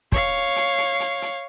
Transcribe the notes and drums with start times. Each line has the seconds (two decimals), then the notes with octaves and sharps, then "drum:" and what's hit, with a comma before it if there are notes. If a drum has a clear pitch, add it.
0.12 C#5 F5, drum: kick, hi-hat
0.56 drum: hi-hat
0.78 drum: hi-hat
1.00 drum: hi-hat
1.22 drum: hi-hat